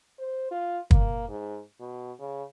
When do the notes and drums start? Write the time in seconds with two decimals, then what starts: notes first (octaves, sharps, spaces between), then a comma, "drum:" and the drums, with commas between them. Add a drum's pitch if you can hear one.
0.19 C5
0.51 F4
0.91 A#3, drum: kick
1.29 G#2
1.80 B2
2.19 C#3